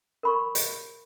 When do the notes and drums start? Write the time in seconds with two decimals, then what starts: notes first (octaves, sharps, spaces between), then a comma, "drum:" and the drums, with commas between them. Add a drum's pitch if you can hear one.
0.23 A#4 B5 C#6
0.55 drum: hi-hat